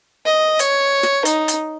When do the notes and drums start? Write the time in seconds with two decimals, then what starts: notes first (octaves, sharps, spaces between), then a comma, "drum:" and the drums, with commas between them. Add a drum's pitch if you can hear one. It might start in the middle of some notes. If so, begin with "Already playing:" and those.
0.25 D#5
0.59 C#5, drum: hi-hat
1.03 drum: snare
1.25 D#4, drum: hi-hat
1.48 drum: hi-hat